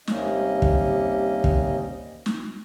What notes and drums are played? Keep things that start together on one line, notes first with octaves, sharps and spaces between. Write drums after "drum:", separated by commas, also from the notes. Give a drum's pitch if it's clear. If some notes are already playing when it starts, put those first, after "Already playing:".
D#2 C3 G3 A#3 C#4 D#5, drum: snare
drum: kick
drum: kick
drum: snare